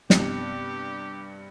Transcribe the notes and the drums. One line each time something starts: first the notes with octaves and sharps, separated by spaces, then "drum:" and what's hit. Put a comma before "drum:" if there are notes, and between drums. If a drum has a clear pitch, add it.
G2 C3 B3 G4, drum: snare